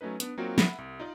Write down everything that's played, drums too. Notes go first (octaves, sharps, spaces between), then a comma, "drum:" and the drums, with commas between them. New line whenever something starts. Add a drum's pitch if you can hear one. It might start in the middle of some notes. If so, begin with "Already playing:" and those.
F#3 A3 C#4 D#4 B4
B3 D4, drum: hi-hat
F#3 A#3 C4 D#4 F4 F#4
E5 F#5 B5, drum: snare
C2
D#4 F4 D5